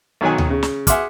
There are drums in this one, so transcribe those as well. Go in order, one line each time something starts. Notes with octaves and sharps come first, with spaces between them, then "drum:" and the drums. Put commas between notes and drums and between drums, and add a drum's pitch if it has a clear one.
B1 D#3 F#3 F#5 G#5
drum: tom D2
C#3
drum: snare
G#4 E5 F#5 C6 D6 F6, drum: kick, hi-hat